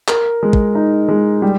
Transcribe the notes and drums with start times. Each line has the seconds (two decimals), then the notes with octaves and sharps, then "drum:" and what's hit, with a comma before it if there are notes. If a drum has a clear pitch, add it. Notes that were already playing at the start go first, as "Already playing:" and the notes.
0.08 A#4, drum: clap
0.43 G#3
0.53 drum: kick
0.75 D#4
1.09 G#3
1.42 G3